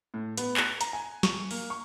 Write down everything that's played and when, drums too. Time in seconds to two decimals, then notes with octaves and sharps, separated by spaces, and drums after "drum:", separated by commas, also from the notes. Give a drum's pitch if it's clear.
0.14 A2
0.38 B3, drum: hi-hat
0.57 F#6, drum: clap
0.81 A#5, drum: hi-hat
0.93 G#5
1.23 C#6, drum: snare
1.51 A#3, drum: open hi-hat
1.70 C#6